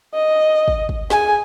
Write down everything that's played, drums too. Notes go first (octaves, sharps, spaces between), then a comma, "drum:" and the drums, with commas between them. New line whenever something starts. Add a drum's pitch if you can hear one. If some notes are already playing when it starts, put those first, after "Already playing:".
D#5
drum: kick
drum: kick
G#4 G#5, drum: snare